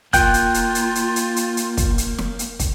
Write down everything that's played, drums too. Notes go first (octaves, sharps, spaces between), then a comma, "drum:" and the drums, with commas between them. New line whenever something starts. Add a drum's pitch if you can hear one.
A#3 F4 G5 F#6 G6, drum: kick, hi-hat
drum: hi-hat
drum: hi-hat
drum: hi-hat
drum: hi-hat
drum: hi-hat
drum: hi-hat
drum: hi-hat
drum: kick, hi-hat
drum: hi-hat
drum: snare
drum: hi-hat
drum: kick, hi-hat